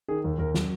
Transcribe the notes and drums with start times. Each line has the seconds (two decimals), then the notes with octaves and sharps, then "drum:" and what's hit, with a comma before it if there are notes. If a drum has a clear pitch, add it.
0.08 D#3 G#4
0.24 D#2
0.38 D#2 A#4
0.54 F#3, drum: snare